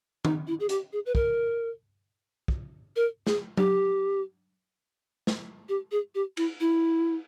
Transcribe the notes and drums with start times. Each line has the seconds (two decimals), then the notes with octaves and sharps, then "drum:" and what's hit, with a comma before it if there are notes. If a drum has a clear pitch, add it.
0.25 D#4, drum: tom D#3
0.47 E4
0.60 G#4
0.69 G4, drum: hi-hat
0.93 G#4
1.06 B4
1.15 A#4, drum: kick
2.48 drum: kick
2.96 A#4
3.27 G#4, drum: snare
3.57 G4, drum: tom F#3
5.27 drum: snare
5.69 G4
5.92 G#4
6.15 G4
6.37 E4, drum: cymbal
6.60 E4